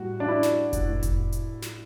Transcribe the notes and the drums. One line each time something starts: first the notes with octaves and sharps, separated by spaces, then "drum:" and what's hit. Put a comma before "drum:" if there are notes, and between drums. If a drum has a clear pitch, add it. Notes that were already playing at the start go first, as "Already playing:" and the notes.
Already playing: A2 G3 F#4
D4
E4
drum: snare
drum: kick F1, hi-hat
A2
drum: kick F1, hi-hat
drum: hi-hat
drum: snare